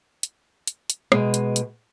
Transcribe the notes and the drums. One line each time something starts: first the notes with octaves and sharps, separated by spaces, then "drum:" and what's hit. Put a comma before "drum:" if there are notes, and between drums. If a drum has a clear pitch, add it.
drum: hi-hat
drum: hi-hat
drum: hi-hat
B2 G#3, drum: rim click
drum: hi-hat
drum: hi-hat